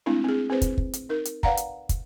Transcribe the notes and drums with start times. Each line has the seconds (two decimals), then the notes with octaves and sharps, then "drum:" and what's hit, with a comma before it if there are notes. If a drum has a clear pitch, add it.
0.06 G#3 A3 C4 D4 E4
0.24 C4 G#4
0.50 C4 G#4 B4 C5
0.62 drum: kick, hi-hat
0.78 drum: kick
0.93 drum: hi-hat
1.09 D#4 A#4
1.25 drum: hi-hat
1.43 B4 D5 F5 F#5 A#5, drum: kick
1.57 drum: hi-hat
1.89 drum: kick, hi-hat